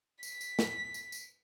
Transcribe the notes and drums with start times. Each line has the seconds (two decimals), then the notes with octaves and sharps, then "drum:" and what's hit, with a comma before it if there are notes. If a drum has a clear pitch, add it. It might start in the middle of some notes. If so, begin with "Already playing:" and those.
0.23 B6, drum: tambourine
0.41 drum: tambourine
0.59 drum: snare
0.94 drum: tambourine
1.12 drum: tambourine